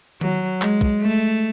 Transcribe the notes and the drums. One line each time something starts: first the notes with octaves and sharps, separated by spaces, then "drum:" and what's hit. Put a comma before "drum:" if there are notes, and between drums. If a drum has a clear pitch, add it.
F#3, drum: tom D#3
G#3, drum: clap
drum: kick
A3